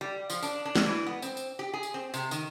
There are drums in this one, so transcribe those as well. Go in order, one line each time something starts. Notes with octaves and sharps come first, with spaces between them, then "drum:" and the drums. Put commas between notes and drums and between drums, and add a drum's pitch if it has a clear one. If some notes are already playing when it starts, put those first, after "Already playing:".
G3
F3, drum: tambourine
D4, drum: tambourine
D4
drum: snare
E3
B3
C4, drum: tambourine
drum: tambourine
G4
G#4
drum: tambourine
C4
C3, drum: tambourine
D#3, drum: tambourine